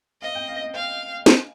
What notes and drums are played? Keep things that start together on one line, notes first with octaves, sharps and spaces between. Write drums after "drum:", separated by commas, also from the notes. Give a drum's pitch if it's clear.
D#5 F5
G5
F5
D#5
F5 G5
G#5, drum: snare